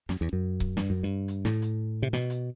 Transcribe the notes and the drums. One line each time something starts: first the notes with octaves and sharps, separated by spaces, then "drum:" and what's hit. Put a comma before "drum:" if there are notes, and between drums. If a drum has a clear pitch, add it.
F#2, drum: snare
E2
F#2
drum: kick C#1
G2, drum: snare
F#2
G2
drum: hi-hat
A2, drum: snare
drum: hi-hat
C3
B2, drum: snare
drum: hi-hat